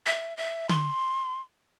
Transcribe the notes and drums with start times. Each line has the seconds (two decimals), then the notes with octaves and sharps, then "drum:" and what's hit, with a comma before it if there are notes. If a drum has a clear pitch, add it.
0.06 E5
0.37 E5
0.69 C6, drum: tom D3